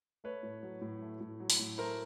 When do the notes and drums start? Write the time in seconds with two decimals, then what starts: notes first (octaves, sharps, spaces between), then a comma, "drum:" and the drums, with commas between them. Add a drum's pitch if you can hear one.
0.24 A3 B4 C#5
0.43 A2
0.63 F#3
0.81 A2
1.02 A3
1.20 A2
1.40 F#3
1.50 drum: open hi-hat
1.60 A2
1.78 A3 A#4 C5